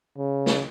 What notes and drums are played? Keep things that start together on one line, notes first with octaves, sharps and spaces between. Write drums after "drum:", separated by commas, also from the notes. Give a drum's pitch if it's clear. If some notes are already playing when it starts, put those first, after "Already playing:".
C#3
drum: snare